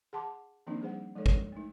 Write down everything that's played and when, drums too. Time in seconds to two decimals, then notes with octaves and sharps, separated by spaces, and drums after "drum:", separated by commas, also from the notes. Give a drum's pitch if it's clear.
0.13 G#4 F#5 A5 C6 D6
0.67 D#3 F3 A#3 C4 D4 D#4
0.82 G3 G#4 C5 F#5
1.16 F3 G#3 D#4 A4 C#5
1.26 drum: kick
1.52 A3 D#4